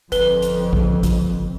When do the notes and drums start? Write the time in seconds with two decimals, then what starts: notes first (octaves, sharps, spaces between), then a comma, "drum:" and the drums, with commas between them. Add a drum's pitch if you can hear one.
0.12 G1 F2 B4 G7, drum: hi-hat
0.42 drum: hi-hat
0.73 drum: kick A1
1.03 drum: kick A1, hi-hat